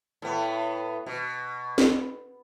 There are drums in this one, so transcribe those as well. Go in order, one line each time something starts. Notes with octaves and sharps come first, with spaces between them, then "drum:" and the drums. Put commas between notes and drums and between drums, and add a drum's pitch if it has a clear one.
A2 B3
B2
drum: snare